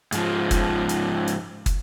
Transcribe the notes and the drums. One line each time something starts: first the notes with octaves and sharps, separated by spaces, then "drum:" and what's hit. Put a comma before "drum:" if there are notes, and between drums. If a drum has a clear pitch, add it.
G#2 F3, drum: hi-hat
drum: kick, hi-hat
drum: hi-hat
drum: hi-hat
drum: kick, hi-hat